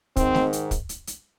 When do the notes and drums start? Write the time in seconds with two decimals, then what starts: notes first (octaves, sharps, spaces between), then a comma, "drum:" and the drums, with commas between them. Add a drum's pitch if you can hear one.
0.16 G#2 D#3 C4, drum: kick, hi-hat
0.35 drum: snare A3
0.53 drum: hi-hat
0.71 drum: kick, hi-hat
0.89 drum: hi-hat
1.07 drum: hi-hat